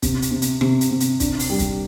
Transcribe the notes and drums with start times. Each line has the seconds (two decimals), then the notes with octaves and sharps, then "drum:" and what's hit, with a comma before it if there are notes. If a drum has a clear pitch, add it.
0.02 C3, drum: kick, hi-hat
0.22 drum: hi-hat
0.31 C3
0.42 drum: hi-hat
0.61 C3, drum: rim click
0.81 drum: hi-hat
0.91 C3
1.00 drum: hi-hat
1.20 D4, drum: kick, hi-hat
1.39 drum: open hi-hat
1.50 G3
1.59 drum: kick, hi-hat